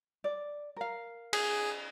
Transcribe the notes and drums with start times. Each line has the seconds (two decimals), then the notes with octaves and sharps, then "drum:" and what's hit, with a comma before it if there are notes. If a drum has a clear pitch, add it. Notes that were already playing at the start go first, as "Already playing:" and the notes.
0.24 D5
0.77 A#4 F5
1.33 G#4, drum: cymbal